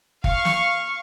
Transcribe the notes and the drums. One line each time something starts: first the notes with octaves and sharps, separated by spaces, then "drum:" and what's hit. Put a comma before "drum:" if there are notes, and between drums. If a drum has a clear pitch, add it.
F5 C#6, drum: kick G1
drum: snare